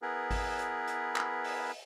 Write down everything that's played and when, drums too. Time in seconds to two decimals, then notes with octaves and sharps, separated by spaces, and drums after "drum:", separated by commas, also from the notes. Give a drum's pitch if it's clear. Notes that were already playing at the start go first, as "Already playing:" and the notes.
0.02 B3 E4 G#4 A#4 B4
0.31 drum: kick G#1, open hi-hat
0.59 drum: hi-hat
0.87 drum: hi-hat
1.16 drum: clap
1.44 drum: open hi-hat